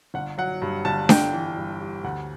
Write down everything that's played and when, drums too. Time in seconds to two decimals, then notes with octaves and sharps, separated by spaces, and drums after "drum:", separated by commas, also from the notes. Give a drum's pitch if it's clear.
0.14 G1 F#5
0.38 F#3 F#5
0.62 G2
0.85 G1 A5
1.09 G1 G5, drum: snare D4
1.33 E3
1.57 G2
1.81 G3
2.04 D2 F#5